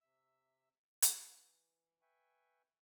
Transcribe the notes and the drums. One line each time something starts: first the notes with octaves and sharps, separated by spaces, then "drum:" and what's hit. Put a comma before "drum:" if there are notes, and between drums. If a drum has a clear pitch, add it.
C3 E5 E6
E3, drum: hi-hat
B4 E5 G5 G#5 C#6